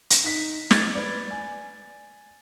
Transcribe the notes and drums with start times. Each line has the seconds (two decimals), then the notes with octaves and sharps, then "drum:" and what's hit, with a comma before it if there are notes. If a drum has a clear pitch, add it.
0.10 drum: hi-hat
0.24 D#4 B6
0.71 G#6 A6, drum: snare
0.95 B4 D5
1.30 G#5